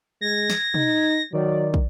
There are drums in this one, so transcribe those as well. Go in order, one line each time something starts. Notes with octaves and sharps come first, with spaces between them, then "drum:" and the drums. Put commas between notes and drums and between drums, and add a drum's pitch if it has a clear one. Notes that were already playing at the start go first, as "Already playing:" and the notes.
G#3 G#6 A#6
drum: snare
D#4, drum: tom
D#3 F#3 D5
drum: kick